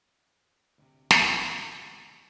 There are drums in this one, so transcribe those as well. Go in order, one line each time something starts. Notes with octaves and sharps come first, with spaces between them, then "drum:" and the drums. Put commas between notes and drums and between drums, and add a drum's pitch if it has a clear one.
D2 A2 C3
drum: snare
G#3